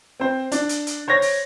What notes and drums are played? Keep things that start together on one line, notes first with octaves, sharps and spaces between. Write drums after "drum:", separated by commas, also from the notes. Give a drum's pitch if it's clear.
C4 C5
D4, drum: hi-hat
drum: hi-hat
drum: hi-hat
C5 C#5 G#6 A#6
drum: open hi-hat